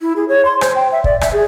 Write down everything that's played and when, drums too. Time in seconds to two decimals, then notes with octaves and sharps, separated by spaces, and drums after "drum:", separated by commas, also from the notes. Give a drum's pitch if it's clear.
0.02 E4
0.16 G#4
0.29 C#5
0.45 C6
0.61 C5, drum: rim click
0.75 G5
0.92 E5
1.04 D5, drum: kick
1.21 E5, drum: rim click
1.33 G#4